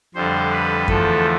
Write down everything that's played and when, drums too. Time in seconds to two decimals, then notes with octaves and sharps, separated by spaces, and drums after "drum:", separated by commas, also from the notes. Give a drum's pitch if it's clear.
0.15 F2 D3 G3 C5
0.52 B4
0.88 E2 D3 F3 A3 A4, drum: kick F#2